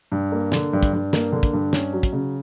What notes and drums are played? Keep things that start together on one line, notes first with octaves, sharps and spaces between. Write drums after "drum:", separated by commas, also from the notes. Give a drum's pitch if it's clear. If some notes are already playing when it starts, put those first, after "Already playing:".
G2
A#3
D3, drum: snare
G2
drum: kick, hi-hat
G2
A#3, drum: snare
D3
drum: kick, hi-hat
G2
C#4, drum: snare
F#3
drum: kick, hi-hat
C#3